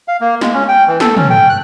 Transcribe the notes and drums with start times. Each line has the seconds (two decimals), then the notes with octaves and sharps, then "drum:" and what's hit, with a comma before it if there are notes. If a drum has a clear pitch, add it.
0.08 F5
0.21 A#3
0.41 G#3, drum: snare
0.54 C#4
0.69 G5
0.87 E3
1.00 A4, drum: snare
1.17 C#4, drum: tom
1.30 G5
1.49 F#6